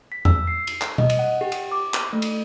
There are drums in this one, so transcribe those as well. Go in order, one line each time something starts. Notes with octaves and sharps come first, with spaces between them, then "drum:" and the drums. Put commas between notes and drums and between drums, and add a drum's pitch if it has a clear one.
B6
E6, drum: tom E2
C7
drum: cymbal
drum: clap
D#5, drum: tom B2
drum: cymbal
F#5
G4
drum: cymbal
D6
drum: clap
A3
drum: cymbal